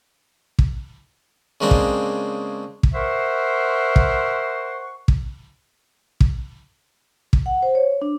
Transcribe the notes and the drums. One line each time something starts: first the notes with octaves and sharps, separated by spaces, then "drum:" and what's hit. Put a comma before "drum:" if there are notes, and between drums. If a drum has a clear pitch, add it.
drum: kick
C#3 G#3 A#3 C4 D4
drum: kick
drum: kick
A#4 C5 E5 F#5 C6 C#6
drum: kick
drum: kick
drum: kick
drum: kick
F#5
C5
C#5
D4